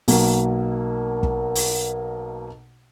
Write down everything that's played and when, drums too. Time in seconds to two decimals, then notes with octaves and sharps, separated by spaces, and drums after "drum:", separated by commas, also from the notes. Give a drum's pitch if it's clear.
0.08 B1 B2 A#3, drum: open hi-hat
1.23 drum: kick
1.55 drum: open hi-hat